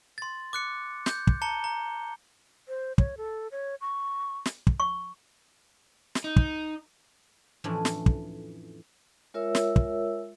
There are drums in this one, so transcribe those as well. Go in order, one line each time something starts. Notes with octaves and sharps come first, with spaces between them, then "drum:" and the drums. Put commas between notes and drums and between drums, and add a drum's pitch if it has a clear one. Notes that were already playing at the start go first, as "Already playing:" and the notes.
C6 A6
D6 F#6 C#7
G6, drum: snare
drum: kick
A5 A#5 C#7 G7
A#5
C5
C#5, drum: kick
A4
C#5
C#6
drum: snare
drum: kick
C#6
drum: snare
D#4
drum: kick
F2 A2 E3 C#4 D4
drum: snare
drum: kick
G#3 F4 A#4 C#5 E5 E6
drum: snare
drum: kick